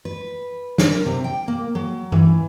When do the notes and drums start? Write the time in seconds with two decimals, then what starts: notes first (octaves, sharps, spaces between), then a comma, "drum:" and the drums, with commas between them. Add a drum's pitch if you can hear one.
0.05 B4
0.78 A#4, drum: snare
1.06 C3
1.24 G5
1.48 A#3
1.75 F#3
2.12 E3, drum: tom G2